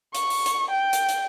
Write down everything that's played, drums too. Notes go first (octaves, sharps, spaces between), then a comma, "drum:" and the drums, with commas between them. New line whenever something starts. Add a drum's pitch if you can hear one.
C#6, drum: hi-hat
drum: open hi-hat
drum: hi-hat
G5
drum: hi-hat
drum: hi-hat